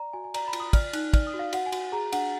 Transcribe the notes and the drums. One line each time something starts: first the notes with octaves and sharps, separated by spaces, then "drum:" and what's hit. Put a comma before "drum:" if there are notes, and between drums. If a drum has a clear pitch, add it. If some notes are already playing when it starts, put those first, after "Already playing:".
Already playing: D5 A#5
F#4 G#5
G#5
D5 A#5, drum: cymbal
B5
F4, drum: cymbal
D#6
D5 F6, drum: kick, cymbal
D#4 F#6, drum: cymbal
D5 F6, drum: kick, cymbal
D#6
F#4
F5
F#4 F#5, drum: cymbal
G#5
F#4, drum: cymbal
G#4 A#5
D4 F#5, drum: cymbal